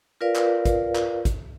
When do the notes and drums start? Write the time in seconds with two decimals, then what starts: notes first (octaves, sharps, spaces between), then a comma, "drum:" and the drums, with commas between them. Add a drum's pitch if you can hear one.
0.21 F4 A#4 B4 D5 F5
0.36 drum: clap
0.65 drum: kick, hi-hat
0.95 drum: clap
1.25 drum: kick, hi-hat